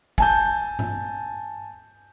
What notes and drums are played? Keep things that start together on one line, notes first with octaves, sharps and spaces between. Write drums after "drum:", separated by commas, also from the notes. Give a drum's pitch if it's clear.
G#5 A5 G6, drum: kick
drum: tom G2